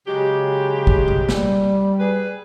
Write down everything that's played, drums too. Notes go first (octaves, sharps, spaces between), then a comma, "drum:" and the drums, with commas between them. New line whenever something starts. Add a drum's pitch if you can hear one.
C#3 F#3 G#3 G4
drum: kick
drum: tom B2
G3, drum: snare
G#4 B4